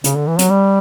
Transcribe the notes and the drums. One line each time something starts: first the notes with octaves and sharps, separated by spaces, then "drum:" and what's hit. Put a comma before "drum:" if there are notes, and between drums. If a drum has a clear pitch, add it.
C#3, drum: hi-hat
D3
E3
F#3, drum: hi-hat
G3